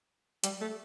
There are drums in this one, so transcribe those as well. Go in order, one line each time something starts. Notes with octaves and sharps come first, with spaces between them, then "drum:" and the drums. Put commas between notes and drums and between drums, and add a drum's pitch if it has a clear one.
G3, drum: hi-hat
A3